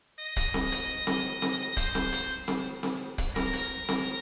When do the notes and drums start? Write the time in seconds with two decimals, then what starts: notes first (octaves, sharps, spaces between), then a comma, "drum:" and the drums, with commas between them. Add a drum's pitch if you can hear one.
0.19 D#5
0.36 drum: kick, hi-hat
0.54 drum: snare C4
0.72 D#5, drum: hi-hat
1.07 drum: snare C4
1.42 drum: snare C4
1.77 C5, drum: kick, hi-hat
1.95 drum: snare C4
2.13 drum: hi-hat
2.48 drum: snare C4
2.83 drum: snare C4
3.18 drum: kick, hi-hat
3.36 A#4, drum: snare C4
3.53 drum: hi-hat
3.89 drum: snare C4